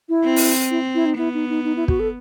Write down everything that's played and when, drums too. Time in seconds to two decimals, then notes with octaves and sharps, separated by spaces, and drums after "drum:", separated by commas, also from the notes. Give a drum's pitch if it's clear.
0.09 E4
0.25 C4
0.36 drum: open hi-hat
0.71 E4
0.95 E4
1.06 D#4
1.17 B3 E4
1.34 D#4
1.49 D#4
1.64 D#4
1.76 E4
1.88 F#4, drum: kick
2.00 A4